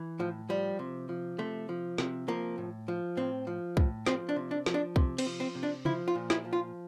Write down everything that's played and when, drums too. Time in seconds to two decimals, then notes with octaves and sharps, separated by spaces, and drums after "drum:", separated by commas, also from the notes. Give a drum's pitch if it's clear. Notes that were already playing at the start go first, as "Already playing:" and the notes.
Already playing: E3
0.19 A2 F3
0.49 F3 G3
0.79 C3
1.09 F3
1.38 C3 A3
1.69 F3
1.98 C3, drum: snare
2.28 F3 A#3
2.58 A2
2.88 F3
3.17 A2 C4
3.47 F3
3.77 A2, drum: kick
4.06 F3 C4, drum: snare
4.29 D4
4.36 C3
4.51 D4
4.66 F3, drum: snare
4.74 D4
4.96 C3, drum: kick
5.18 C4, drum: cymbal
5.26 F3
5.40 C4
5.55 C3
5.63 D4
5.85 F3 E4, drum: tom C3
6.08 F4
6.15 A#2
6.30 E4, drum: snare
6.45 F3
6.53 F4